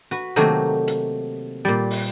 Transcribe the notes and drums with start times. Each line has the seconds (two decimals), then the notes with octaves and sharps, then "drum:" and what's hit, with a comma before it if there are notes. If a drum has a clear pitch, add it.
0.11 F#4 B4
0.36 C3 D#3 F#3 A3 A#3, drum: hi-hat
0.88 drum: hi-hat
1.65 A#2 G3
1.90 drum: open hi-hat